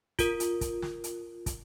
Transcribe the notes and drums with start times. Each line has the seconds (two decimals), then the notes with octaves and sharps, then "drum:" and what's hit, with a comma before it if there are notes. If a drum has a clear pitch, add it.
0.19 F4 A#4, drum: kick, hi-hat
0.40 drum: hi-hat
0.61 drum: kick, hi-hat
0.82 drum: snare
1.04 drum: hi-hat
1.46 drum: kick, hi-hat